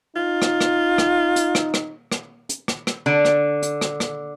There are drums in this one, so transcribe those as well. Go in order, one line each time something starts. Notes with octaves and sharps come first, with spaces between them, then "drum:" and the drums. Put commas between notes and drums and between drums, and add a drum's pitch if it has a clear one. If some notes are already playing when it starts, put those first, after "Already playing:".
D#4 F4
drum: rim click
drum: rim click
drum: rim click
drum: hi-hat
drum: rim click
drum: rim click
drum: rim click
drum: hi-hat
drum: rim click
drum: rim click
D3
drum: rim click
drum: hi-hat
drum: rim click
drum: rim click